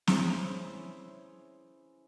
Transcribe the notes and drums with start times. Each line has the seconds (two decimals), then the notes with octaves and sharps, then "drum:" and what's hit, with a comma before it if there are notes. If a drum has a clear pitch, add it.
0.07 C#4 E4 G#4 C5, drum: snare